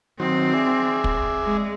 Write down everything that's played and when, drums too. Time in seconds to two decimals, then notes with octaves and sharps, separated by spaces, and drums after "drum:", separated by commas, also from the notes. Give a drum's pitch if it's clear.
0.20 D#3 F#3 C4 C5
0.53 G#4 D5 E5
1.04 drum: kick
1.44 G#3